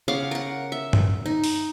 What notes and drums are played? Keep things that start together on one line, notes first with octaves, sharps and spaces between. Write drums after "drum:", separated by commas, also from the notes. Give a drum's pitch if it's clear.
C#3 F5 F#5 D6
A#4 F#5
E5
drum: tom G2
D#4
drum: open hi-hat